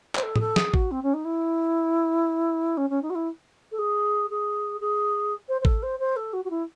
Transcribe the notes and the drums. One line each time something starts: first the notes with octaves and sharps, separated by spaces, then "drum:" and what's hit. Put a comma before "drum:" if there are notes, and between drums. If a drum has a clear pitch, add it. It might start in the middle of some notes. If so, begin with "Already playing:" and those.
C5, drum: clap
A4
G#4, drum: tom A2
A4
G#4, drum: snare
F#4, drum: kick A1
C4
C#4
D#4
E4
C#4
C#4
D#4
F#4
E4
A4
G#4
G#4
G#4
C5
C5
A4, drum: kick A1
C5
C5
A4
F#4
F#4
E4